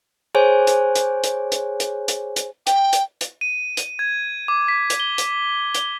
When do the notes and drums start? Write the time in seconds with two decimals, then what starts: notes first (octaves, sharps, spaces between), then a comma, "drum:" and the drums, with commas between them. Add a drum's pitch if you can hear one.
0.35 G#4 C5 C#5 G#5
0.67 drum: hi-hat
0.95 drum: hi-hat
1.23 drum: hi-hat
1.52 drum: hi-hat
1.80 drum: hi-hat
2.08 drum: hi-hat
2.36 drum: hi-hat
2.67 G5, drum: hi-hat
2.93 drum: hi-hat
3.21 drum: hi-hat
3.41 D#7
3.77 drum: hi-hat
3.99 G#6
4.48 D6
4.68 B6
4.90 drum: hi-hat
5.00 G7
5.18 drum: hi-hat
5.74 G7, drum: hi-hat